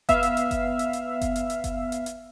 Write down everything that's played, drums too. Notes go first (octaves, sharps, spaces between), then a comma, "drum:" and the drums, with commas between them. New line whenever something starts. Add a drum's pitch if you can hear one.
B3 E5 F5, drum: kick F#1, hi-hat
drum: hi-hat
drum: hi-hat
drum: kick F#1, hi-hat
drum: hi-hat
drum: hi-hat
drum: kick F#1, hi-hat
drum: hi-hat
drum: hi-hat
drum: kick F#1, hi-hat
drum: hi-hat
drum: hi-hat